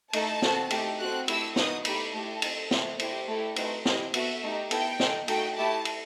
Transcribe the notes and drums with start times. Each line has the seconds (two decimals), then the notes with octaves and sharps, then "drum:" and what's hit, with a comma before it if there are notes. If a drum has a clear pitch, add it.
0.13 A3 D#4 A4 A5, drum: cymbal
0.42 C4 F#4 A4, drum: snare
0.70 A3 D#4 G4, drum: cymbal
0.99 C4 F#4 A4 F#6
1.28 A3 E4 G4 E6, drum: cymbal
1.56 B3 D#4 F#4 D#6, drum: snare
1.85 A3 D#4 G4 B5, drum: cymbal
2.14 A3 E4 G4 A5
2.42 C4 D#4 A4, drum: cymbal
2.71 A3 C4 E4, drum: snare
2.99 A3 E4 G4 C5, drum: cymbal
3.28 A3 E4 G4 A4
3.56 A3 C4 D#4 F#4 A4 B4, drum: cymbal
3.85 C4 E4 G4 D#5, drum: snare
4.14 B3 F#4 A4 E5, drum: cymbal
4.43 A3 D#4 G4
4.71 B3 E4 A4 G5, drum: cymbal
5.00 D#4 A4, drum: snare
5.28 A3 D#4 F#4 G5, drum: cymbal
5.56 A3 E4 G4 A5
5.85 drum: cymbal